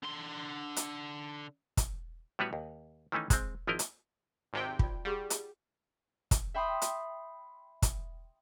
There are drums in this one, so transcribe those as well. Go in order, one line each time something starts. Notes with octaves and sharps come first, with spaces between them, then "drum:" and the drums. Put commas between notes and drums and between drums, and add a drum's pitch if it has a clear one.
D3 C6
drum: hi-hat
drum: kick, hi-hat
A2 G3 B3 F#4 B4 C#5
D#2
D#3 E3 A3 C#4 D#4
G#3 C4, drum: kick, hi-hat
G#1 F3 C4 E4 A#4 D#5
drum: hi-hat
G#1 C3 G5
F4 D5, drum: kick
G3 G4 G#4 F#5
drum: hi-hat
drum: kick, hi-hat
E5 G5 B5 C6 D#6
drum: hi-hat
drum: kick, hi-hat